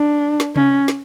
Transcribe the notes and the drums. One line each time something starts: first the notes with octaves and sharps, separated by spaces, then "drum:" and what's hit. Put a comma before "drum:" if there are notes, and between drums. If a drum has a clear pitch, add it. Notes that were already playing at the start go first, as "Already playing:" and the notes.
Already playing: D4
drum: snare
C#4, drum: tom C3
drum: snare